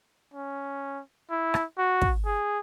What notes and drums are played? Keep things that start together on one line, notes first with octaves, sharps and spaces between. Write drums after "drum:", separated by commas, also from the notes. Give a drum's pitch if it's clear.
C#4
E4
drum: rim click
F#4
drum: kick
G#4